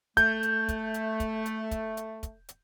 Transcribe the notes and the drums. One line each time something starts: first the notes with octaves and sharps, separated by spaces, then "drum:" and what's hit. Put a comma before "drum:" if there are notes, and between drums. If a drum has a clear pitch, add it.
A3 G6, drum: kick, hi-hat
drum: hi-hat
drum: kick, hi-hat
drum: hi-hat
drum: kick, hi-hat
drum: hi-hat
drum: kick, hi-hat
drum: hi-hat
drum: kick, hi-hat
drum: hi-hat